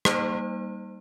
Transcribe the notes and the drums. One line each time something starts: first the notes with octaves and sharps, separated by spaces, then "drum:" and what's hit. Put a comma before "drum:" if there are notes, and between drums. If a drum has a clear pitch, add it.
G3 A#3 D#4 C5, drum: rim click